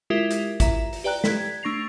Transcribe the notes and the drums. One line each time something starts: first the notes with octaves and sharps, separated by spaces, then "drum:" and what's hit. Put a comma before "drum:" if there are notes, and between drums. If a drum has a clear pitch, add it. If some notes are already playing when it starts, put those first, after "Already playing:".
G#3 E4 F4 G4 A#4 E5
drum: hi-hat
E4 E5 A#5, drum: kick, hi-hat
drum: open hi-hat
G4 B4 D5 G5 A#5 F#6
G#6 B6, drum: snare
A3 D4 C#6 A#6 C7 F7